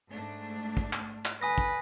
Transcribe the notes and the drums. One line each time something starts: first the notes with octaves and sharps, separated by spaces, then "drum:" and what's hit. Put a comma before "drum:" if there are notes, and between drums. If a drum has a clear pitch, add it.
G#2 A3 D4
drum: kick
drum: clap
drum: clap
D3 B4 G#5 D#6 A#6
drum: kick